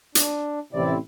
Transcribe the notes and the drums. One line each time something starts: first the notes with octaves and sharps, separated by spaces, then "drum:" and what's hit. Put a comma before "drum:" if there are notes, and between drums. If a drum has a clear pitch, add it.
D4, drum: hi-hat
A1 C3 C4 E4 D5